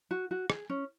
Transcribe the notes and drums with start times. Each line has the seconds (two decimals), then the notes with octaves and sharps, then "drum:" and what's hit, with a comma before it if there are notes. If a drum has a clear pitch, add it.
0.11 F#4
0.31 F#4
0.50 G#4, drum: rim click
0.70 C#4